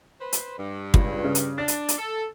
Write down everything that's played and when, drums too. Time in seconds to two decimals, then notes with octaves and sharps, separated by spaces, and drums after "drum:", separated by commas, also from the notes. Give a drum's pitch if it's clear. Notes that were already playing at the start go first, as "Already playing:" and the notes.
0.21 B4 C5
0.33 drum: hi-hat
0.58 G2
0.94 C#2, drum: kick
1.24 C#3
1.35 drum: hi-hat
1.58 D4 A6
1.68 drum: hi-hat
1.89 drum: hi-hat
1.98 A4